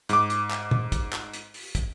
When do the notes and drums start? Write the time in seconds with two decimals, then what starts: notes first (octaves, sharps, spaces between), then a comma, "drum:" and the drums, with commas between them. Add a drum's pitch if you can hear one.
0.09 G#2 D6, drum: hi-hat
0.30 drum: hi-hat
0.51 drum: clap
0.71 drum: tom
0.92 drum: kick, hi-hat
1.13 drum: clap
1.33 drum: hi-hat
1.54 drum: open hi-hat
1.75 drum: kick, hi-hat